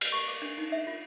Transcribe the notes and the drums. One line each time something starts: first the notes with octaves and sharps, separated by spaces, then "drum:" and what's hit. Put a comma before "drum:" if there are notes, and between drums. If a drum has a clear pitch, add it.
drum: cymbal
C#6
D6
D4
D#4
E5
F4